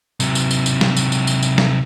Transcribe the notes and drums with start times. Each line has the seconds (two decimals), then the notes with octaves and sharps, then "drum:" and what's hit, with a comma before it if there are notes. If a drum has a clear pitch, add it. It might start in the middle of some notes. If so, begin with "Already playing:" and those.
0.20 C3 F#3, drum: tambourine
0.35 drum: tambourine
0.51 drum: tambourine
0.66 drum: tambourine
0.81 drum: snare
0.97 drum: tambourine
1.12 drum: tambourine
1.27 drum: tambourine
1.43 drum: tambourine
1.58 drum: snare